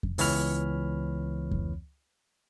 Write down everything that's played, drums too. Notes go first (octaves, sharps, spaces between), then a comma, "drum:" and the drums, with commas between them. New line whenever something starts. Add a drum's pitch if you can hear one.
drum: kick F2
C#2 E3 B3 C#5 B5 F6, drum: open hi-hat
drum: kick F2